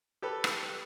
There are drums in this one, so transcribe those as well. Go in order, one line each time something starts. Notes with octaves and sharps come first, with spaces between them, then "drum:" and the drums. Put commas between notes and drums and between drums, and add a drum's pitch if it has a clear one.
G4 A4 B4
drum: rim click